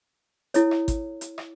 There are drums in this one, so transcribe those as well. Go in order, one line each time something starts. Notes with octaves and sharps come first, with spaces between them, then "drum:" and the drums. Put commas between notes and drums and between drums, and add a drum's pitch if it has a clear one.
E4 A4 C#5, drum: hi-hat
drum: rim click
drum: kick G#1, hi-hat
drum: hi-hat
drum: rim click